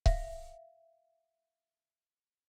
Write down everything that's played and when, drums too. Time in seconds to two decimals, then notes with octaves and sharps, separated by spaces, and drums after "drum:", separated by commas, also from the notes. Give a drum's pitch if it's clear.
0.06 E5 F5, drum: kick C#1